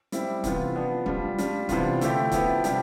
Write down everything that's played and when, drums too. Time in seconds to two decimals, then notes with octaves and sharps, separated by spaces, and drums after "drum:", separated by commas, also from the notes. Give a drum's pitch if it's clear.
0.12 G3 C4 E4 G4, drum: hi-hat
0.44 C3 E3 B3 F4, drum: kick, hi-hat
0.76 F3 B3 D4
1.06 G3 D4 F4, drum: kick
1.38 G3 D4 F4, drum: hi-hat
1.69 C3 E3 B3 D4 F4, drum: kick, hi-hat
2.01 D3 A3 E4 G4, drum: hi-hat
2.32 F3 B3 E4 G4, drum: kick, hi-hat
2.64 C3 G3 D4 G4, drum: hi-hat